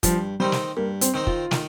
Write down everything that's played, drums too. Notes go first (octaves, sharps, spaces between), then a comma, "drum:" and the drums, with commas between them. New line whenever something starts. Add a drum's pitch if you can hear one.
G2 F3, drum: kick, hi-hat
D#3 G3 C4 D#4 C5
drum: snare
G2 A#3
C4, drum: hi-hat
D#3 C4 D#4 C5
F4, drum: kick
D#3, drum: snare